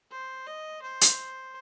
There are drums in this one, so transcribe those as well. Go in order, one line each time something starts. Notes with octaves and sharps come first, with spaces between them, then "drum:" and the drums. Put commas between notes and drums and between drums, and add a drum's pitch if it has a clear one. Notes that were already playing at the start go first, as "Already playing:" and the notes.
C5
D#5
C5
drum: hi-hat